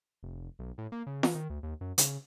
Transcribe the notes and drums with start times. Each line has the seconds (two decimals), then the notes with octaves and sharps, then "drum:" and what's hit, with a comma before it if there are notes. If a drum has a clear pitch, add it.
0.23 F1
0.59 B1
0.78 A2
0.92 A#3
1.07 C#3
1.23 E3, drum: snare F4
1.35 D#3
1.50 D2
1.63 D#2
1.81 F#2
1.98 C#3, drum: hi-hat